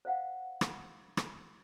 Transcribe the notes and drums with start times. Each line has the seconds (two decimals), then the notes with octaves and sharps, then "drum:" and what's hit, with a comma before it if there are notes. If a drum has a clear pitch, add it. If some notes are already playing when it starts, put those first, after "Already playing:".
0.05 C5 D#5 F5 F#5
0.61 drum: rim click
1.17 drum: rim click